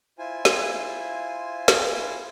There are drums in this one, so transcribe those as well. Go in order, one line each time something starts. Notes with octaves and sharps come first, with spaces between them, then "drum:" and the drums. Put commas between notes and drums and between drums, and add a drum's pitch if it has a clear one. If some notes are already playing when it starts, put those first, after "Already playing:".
E4 F4 C5 G#5
drum: snare
drum: snare